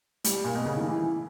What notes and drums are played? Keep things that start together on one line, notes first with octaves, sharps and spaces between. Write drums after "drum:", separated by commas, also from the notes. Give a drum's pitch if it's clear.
G3, drum: hi-hat
A#2
B2
C#3
D#3
E3